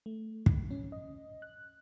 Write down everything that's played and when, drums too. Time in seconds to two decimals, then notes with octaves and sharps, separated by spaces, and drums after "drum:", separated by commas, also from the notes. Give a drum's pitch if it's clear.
0.06 A3
0.46 drum: kick
0.71 C#4
0.92 D#5
1.42 F#6